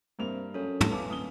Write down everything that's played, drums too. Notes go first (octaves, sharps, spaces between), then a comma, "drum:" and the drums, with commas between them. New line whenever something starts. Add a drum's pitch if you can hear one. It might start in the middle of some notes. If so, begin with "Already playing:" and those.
G2 C3 A#3 F7
F#2 A4 C#5
drum: tom
E2 E4 B4 F5 G#5 A5 D6
D#1 D#6 G7